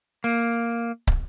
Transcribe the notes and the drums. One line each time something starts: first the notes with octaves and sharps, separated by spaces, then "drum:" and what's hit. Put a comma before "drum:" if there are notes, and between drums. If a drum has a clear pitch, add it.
A#3
drum: kick